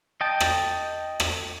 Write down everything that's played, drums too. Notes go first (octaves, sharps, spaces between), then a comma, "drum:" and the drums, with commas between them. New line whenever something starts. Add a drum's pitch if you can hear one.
D#5 G5 A5
drum: rim click
drum: rim click